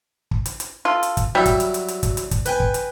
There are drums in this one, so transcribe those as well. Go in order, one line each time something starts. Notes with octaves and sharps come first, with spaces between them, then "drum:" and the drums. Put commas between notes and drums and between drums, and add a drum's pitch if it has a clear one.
drum: kick
drum: hi-hat
drum: hi-hat
F4 A4
drum: hi-hat
drum: kick, hi-hat
F#3 G3 E4
drum: kick, hi-hat
drum: hi-hat
drum: hi-hat
drum: hi-hat
drum: kick, hi-hat
drum: hi-hat
drum: kick, hi-hat
B4 G5 G#5, drum: hi-hat
drum: kick
drum: hi-hat